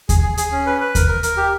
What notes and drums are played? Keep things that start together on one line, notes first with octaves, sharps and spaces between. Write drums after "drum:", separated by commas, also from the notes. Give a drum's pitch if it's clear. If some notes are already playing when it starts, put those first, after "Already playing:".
G#4, drum: kick D#2, hi-hat
G#4
G#4, drum: hi-hat
C#4
B4
B4
A#4, drum: kick D#2, hi-hat
A#4
A#4, drum: hi-hat
G4